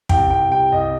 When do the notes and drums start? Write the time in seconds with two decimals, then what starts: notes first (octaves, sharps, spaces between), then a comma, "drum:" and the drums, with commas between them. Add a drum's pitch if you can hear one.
0.09 C2 G5, drum: kick
0.30 C2 G5
0.52 G3 G5
0.72 C2 D#5